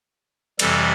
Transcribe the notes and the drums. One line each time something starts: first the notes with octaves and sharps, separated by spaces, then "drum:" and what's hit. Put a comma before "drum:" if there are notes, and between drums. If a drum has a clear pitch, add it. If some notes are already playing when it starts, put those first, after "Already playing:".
F2 C3 E3 G3 A4, drum: cymbal